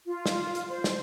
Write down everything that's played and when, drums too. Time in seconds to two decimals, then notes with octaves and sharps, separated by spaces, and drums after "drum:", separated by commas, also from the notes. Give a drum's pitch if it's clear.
0.06 F4
0.26 drum: snare
0.55 drum: hi-hat
0.70 C5
0.84 drum: snare